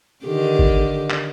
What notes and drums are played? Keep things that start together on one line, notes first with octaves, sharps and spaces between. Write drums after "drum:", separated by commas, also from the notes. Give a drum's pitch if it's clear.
D3 D#3 G4
drum: kick G1
drum: clap